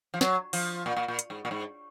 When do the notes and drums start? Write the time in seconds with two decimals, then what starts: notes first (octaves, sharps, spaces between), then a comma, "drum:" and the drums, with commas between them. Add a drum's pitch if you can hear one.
0.14 F3
0.21 F#3, drum: snare
0.53 F3, drum: open hi-hat
0.86 A#2
0.97 A#2
1.08 A#2
1.19 drum: hi-hat
1.30 G#2
1.45 A#2
1.51 G#2